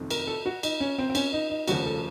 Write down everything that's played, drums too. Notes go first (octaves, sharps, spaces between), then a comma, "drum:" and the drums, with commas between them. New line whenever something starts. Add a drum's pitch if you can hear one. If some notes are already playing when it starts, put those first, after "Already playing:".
Already playing: F#1 F2 C3 D#3 A3
A#4, drum: cymbal
A4
F#4
D#4, drum: cymbal
C#4
C4
C4
C#4, drum: cymbal
D#4
D#4
F1 D#2 C#3 F3 F#4, drum: cymbal
A4